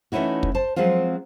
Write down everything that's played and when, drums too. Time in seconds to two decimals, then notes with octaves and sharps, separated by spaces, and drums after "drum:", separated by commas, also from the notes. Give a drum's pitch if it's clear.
0.12 E3 A3 C#4 D#4 E4 F#4
0.43 drum: kick
0.55 C5 A5
0.76 F3 F#3 G#3 C4 F4